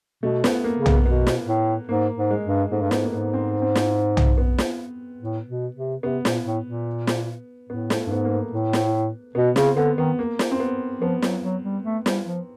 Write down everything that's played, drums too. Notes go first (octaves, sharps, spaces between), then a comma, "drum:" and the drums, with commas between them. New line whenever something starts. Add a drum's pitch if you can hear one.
B2 A3
B3, drum: snare
A#3
C#3
B3, drum: tom
B2 B3
drum: snare
A2
G#2 A#3
G#2
G#3
G2
G#2 A3
G2
G#2 B3, drum: snare
A#3
G#2 B3
C4
C4
drum: snare
drum: tom
B3
drum: snare
A2
B2
C3
C3 B3
A#2, drum: snare
A2
A#2
drum: snare
A2 B3
A3, drum: snare
G2
G#2 B3
A#3
B3
A2
drum: snare
B2 B3
C#3 C4, drum: snare
D3 B3
D#3 B3
A#3
drum: snare
C4
B3
F3 B3
F#3, drum: snare
F#3
G3
A3
G3, drum: snare
F3